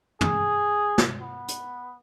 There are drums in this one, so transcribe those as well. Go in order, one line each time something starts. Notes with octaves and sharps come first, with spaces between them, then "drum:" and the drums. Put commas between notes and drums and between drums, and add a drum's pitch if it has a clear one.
G#4, drum: tom
drum: snare
B3
drum: hi-hat